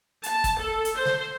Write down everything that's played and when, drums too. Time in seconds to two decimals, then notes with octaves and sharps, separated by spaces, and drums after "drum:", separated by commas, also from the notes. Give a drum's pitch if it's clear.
0.23 A5, drum: hi-hat
0.44 drum: kick, hi-hat
0.58 A4
0.85 drum: hi-hat
0.95 C5
1.05 drum: snare